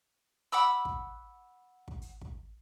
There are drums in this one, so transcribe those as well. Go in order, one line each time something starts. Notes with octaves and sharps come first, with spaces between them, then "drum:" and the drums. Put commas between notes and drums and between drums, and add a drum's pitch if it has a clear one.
F#5 B5 D6 E6
drum: kick
drum: kick
drum: hi-hat
drum: kick